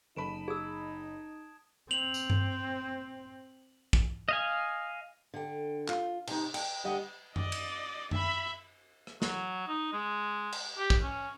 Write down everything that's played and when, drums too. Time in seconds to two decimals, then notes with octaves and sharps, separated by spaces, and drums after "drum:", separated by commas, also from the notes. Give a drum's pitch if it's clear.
0.16 F#1 D#4 A5 B5 D7 E7
0.48 G#4 D#6 E6 G#6
1.91 C4 F7 F#7
2.14 drum: tambourine
2.30 drum: tom G2
3.93 drum: kick
4.29 D#5 F5 G#5
5.34 D3 G5
5.89 F4, drum: clap
6.27 C3 D#4, drum: cymbal
6.54 G5, drum: cymbal
6.84 D2 G3 D#5 F#5 G5
7.36 D5 D#5, drum: tom F#2
7.52 drum: cymbal
8.11 E5 B5, drum: tom F#2
9.07 drum: rim click
9.22 F#3, drum: snare
9.67 D#4
9.93 G#3
10.52 drum: cymbal
10.78 G4
10.90 drum: kick
11.03 C#4